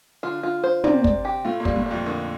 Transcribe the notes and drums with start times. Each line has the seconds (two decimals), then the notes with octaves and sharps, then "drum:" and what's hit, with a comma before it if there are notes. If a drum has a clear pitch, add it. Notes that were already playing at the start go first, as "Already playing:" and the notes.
0.23 D3 D4 F4
0.43 F4
0.64 C5
0.84 C3 C4 D5, drum: tom
1.04 D5, drum: kick
1.25 G4
1.45 A2 A3 F4
1.60 A#2 A#3
1.65 G3, drum: kick
1.76 A2 A3
1.86 G3
1.91 F2 F3
2.06 D3 D#3